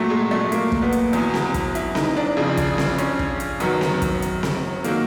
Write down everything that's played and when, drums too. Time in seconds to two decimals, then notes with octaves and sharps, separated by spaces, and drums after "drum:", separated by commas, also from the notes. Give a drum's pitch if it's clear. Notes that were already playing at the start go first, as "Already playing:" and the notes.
Already playing: A#2 F#3 A3
0.10 G#3
0.31 A3
0.52 A#3, drum: hi-hat
0.72 drum: kick
0.82 B3
0.92 drum: hi-hat
1.13 E2 B2 F#3, drum: hi-hat
1.34 drum: snare C4
1.54 drum: kick, hi-hat
1.75 E4, drum: hi-hat
1.95 D#4, drum: snare C4
2.17 D4
2.37 F2 C#3 F3
2.57 drum: kick, hi-hat
2.78 drum: snare C4
2.98 C#4, drum: hi-hat
3.19 drum: kick
3.40 drum: hi-hat
3.60 F#2 D#3 F#3 B3, drum: hi-hat
3.81 drum: snare C4
4.02 drum: kick, hi-hat
4.22 drum: hi-hat
4.43 drum: snare C4
4.84 D#3 F#3 A#3, drum: hi-hat